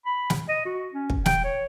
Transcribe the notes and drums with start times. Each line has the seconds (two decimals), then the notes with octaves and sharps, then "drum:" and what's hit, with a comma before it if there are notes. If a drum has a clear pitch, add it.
0.06 B5
0.30 drum: snare
0.49 D#5
0.65 F#4
0.94 C#4
1.10 drum: kick
1.26 G5, drum: snare
1.44 C#5